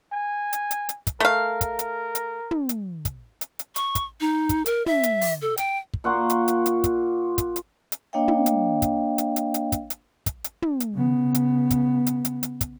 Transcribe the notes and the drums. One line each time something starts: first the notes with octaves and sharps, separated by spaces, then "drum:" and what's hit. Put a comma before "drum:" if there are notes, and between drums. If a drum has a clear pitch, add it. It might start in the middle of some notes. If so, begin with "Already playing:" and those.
G#5
drum: hi-hat
drum: hi-hat
drum: hi-hat
drum: kick, hi-hat
A3 A#4 F5
drum: kick, hi-hat
drum: hi-hat
drum: hi-hat
drum: tom
drum: hi-hat
drum: kick, hi-hat
drum: hi-hat
drum: hi-hat
C#6, drum: hi-hat
drum: kick, hi-hat
D#4
drum: kick, hi-hat
A#4, drum: hi-hat
E5, drum: tom
drum: hi-hat
drum: open hi-hat
A4
G5, drum: hi-hat
drum: kick
A#2 F#5 C6 C#6
drum: hi-hat
drum: hi-hat
drum: hi-hat
drum: kick, hi-hat
drum: kick, hi-hat
drum: hi-hat
drum: hi-hat
A#3 D4 C#5 D#5 F5 G5
drum: tom
drum: hi-hat
drum: kick, hi-hat
drum: hi-hat
drum: hi-hat
drum: hi-hat
drum: kick, hi-hat
drum: hi-hat
drum: kick, hi-hat
drum: hi-hat
drum: tom
drum: hi-hat
C#3 B3
drum: hi-hat
drum: kick, hi-hat
drum: hi-hat
drum: hi-hat
drum: hi-hat
drum: kick, hi-hat